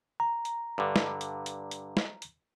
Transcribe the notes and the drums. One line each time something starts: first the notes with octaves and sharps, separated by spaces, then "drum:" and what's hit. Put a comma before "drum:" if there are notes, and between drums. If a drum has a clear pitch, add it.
A#5
drum: hi-hat
G2 D3
drum: snare
drum: hi-hat
drum: hi-hat
drum: hi-hat
drum: snare
drum: hi-hat